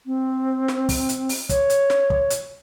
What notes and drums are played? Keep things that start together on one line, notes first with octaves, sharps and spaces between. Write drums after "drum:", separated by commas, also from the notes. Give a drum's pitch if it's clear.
C4
drum: snare
drum: kick, open hi-hat
drum: hi-hat
drum: open hi-hat
C#5, drum: kick, hi-hat
drum: hi-hat
drum: snare
drum: kick
drum: hi-hat